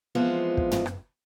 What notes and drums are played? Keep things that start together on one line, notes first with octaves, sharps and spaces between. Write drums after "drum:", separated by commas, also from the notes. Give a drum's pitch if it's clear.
E3 F3 G#3 B3 C4 F4
drum: kick
drum: tom
drum: rim click